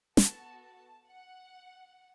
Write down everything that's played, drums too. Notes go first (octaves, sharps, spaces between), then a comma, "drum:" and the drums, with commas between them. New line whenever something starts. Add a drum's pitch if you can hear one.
B3 F#4 A4 A5, drum: snare
A5
F#5